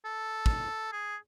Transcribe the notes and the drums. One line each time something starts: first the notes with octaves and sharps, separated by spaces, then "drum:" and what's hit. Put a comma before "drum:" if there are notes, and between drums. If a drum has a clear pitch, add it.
A4
drum: kick
G#4